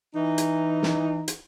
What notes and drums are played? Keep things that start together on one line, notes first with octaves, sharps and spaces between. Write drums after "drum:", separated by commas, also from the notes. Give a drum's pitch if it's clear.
E3 D#4
drum: hi-hat
drum: snare
drum: hi-hat